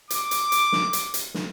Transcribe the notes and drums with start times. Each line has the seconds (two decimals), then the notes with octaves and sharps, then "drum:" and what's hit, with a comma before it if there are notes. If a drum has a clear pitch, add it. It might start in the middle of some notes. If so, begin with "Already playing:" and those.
0.10 D6, drum: hi-hat
0.31 drum: hi-hat
0.52 drum: hi-hat
0.72 drum: snare
0.93 drum: hi-hat
1.14 drum: hi-hat
1.34 drum: snare